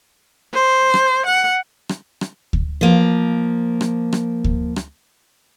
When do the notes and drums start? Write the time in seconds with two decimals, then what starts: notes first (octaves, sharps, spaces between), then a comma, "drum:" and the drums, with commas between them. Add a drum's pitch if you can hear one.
0.54 C5
0.94 drum: rim click
1.26 F#5
1.89 drum: rim click
2.21 drum: rim click
2.53 drum: kick D2
2.81 F3 A#3
3.81 drum: rim click
4.13 drum: rim click
4.44 drum: kick D2
4.76 drum: rim click